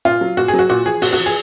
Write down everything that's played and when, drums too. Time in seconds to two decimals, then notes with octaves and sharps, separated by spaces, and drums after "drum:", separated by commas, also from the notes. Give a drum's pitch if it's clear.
0.05 A#2 F4
0.21 F#3
0.37 A#2 F#4
0.48 G#4
0.54 F#3
0.59 F#4
0.69 A#2 F#4
0.86 F3 G#4
1.02 A#2 F#4, drum: open hi-hat
1.13 F#4
1.18 F3
1.26 G#4